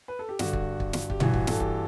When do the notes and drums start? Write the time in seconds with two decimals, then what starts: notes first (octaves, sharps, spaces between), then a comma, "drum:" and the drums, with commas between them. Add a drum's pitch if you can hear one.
0.08 B4
0.19 A4
0.29 G4
0.39 G2 D3 F#4, drum: snare
0.53 drum: kick
0.80 drum: kick
0.93 drum: snare
1.10 G4, drum: kick
1.20 G2 E3 F#4, drum: tom A#2
1.34 F#4, drum: kick
1.47 A4, drum: snare
1.60 G4, drum: kick